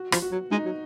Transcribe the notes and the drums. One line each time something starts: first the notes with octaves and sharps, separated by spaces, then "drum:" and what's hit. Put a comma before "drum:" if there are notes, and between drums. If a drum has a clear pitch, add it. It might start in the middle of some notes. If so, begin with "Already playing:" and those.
Already playing: F#4
F3, drum: rim click
F#4
F#3
G#3 D#4
F#3